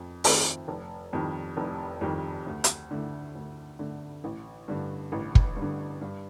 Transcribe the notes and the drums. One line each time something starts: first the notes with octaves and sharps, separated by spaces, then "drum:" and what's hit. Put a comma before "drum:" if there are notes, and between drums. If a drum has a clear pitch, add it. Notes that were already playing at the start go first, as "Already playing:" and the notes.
Already playing: F2
D#3 A3 C4 F4, drum: open hi-hat
F1
F2 D#3 G3
F1
F2 D#3 G3
D2
drum: hi-hat
D3 A3
D2
D3 A3
A1
G2 D3
A1
drum: kick
G2
D3
G2